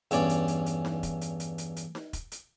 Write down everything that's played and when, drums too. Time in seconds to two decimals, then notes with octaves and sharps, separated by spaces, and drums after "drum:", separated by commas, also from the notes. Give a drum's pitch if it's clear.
0.11 E2 G2 C#4 D5, drum: hi-hat
0.30 drum: hi-hat
0.48 drum: hi-hat
0.66 drum: hi-hat
0.85 drum: snare D#4
1.03 drum: kick E1, hi-hat
1.21 drum: hi-hat
1.40 drum: hi-hat
1.58 drum: hi-hat
1.76 drum: hi-hat
1.95 drum: snare D#4
2.13 drum: kick E1, hi-hat
2.32 drum: hi-hat